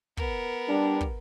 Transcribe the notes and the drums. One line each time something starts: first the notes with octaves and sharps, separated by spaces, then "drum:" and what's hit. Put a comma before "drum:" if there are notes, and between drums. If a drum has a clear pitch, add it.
B3 A#4, drum: kick
G3 D4
drum: kick